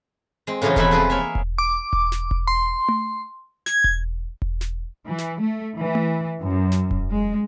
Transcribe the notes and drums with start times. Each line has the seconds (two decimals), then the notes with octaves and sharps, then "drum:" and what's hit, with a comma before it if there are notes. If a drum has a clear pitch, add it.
0.47 G#3 C4
0.62 A2 C#3 E3 F#3 D#4
0.76 F2 B2 E3 E4 E5 B5, drum: kick E1
0.91 C3 F3 G#4 A4 B4
1.10 A#3 C#5 E5
1.35 drum: kick E1
1.58 D6
1.93 drum: kick E1
2.12 drum: snare
2.31 drum: kick E1
2.47 C6
2.88 drum: tom A3
3.66 G#6, drum: snare
3.84 drum: kick E1
4.42 drum: kick E1
4.61 drum: snare
5.07 E3
5.18 drum: snare
5.41 A3
5.77 E3
5.95 drum: tom A3
6.40 F#2
6.72 drum: snare
6.91 drum: kick E1
7.10 G#3